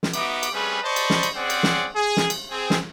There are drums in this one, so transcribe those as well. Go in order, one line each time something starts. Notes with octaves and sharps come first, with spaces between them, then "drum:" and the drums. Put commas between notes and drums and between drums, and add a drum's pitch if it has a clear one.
drum: snare
B3 D#4 F#4 E5 D6, drum: cymbal
drum: cymbal
G3 A3 C4 C#4 G#4 B4
C5 D5 D#5 A5 B5 C#6
drum: cymbal
drum: snare
drum: cymbal
C4 C#4 G#4 C5 D5 F#5
drum: cymbal
drum: snare
G#4
drum: snare
drum: cymbal
C4 G#4
drum: snare